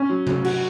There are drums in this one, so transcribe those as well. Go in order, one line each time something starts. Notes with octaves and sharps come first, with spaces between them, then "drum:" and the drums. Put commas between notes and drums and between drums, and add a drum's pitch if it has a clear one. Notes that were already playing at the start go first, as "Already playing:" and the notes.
Already playing: C#4
F#3
F#3, drum: tom C3
F#4, drum: cymbal